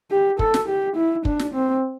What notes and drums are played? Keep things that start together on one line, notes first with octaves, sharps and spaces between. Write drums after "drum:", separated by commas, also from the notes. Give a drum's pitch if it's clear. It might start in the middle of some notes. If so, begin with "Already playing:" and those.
G4
A4, drum: kick
drum: snare
G4
E4
D4, drum: kick
drum: snare
C4